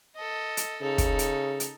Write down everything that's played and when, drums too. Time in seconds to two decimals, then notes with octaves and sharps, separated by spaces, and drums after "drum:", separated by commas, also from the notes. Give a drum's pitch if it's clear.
0.16 A4 D#5
0.57 drum: hi-hat
0.82 C#3 D#4 A4
0.98 drum: kick, hi-hat
1.19 drum: hi-hat
1.60 drum: hi-hat